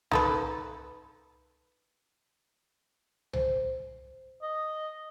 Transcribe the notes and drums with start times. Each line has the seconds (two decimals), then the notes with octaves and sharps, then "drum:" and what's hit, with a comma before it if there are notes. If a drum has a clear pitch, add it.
0.11 D#4 A4 B4, drum: tom C2
3.33 C5, drum: tom C2
4.43 D#5